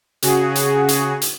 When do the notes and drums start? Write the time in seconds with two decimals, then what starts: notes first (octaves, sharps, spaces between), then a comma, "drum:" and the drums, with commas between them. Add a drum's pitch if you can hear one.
0.22 C#3 F#4 G#4, drum: hi-hat
0.55 drum: hi-hat
0.88 drum: hi-hat
1.22 drum: hi-hat